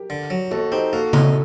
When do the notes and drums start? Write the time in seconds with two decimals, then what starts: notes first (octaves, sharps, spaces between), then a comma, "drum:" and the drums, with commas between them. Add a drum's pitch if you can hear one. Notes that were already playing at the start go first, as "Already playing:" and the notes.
Already playing: G4 A#4
0.10 D3
0.30 F#3
0.51 D#2 F#4 A4
0.72 C4 D#4 G4
0.93 A#3 F#4 A4
1.13 D#4, drum: tom C#3